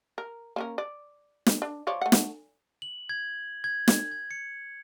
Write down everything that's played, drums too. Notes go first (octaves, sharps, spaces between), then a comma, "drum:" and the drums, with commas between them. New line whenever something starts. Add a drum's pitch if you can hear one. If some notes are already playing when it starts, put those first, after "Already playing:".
A#4
A#3 C#4 A#4
D5
drum: snare
D4
F3 C#5 D5
A3 F#5
drum: snare
F#7
G#6
G#6
drum: snare
G#6
C#7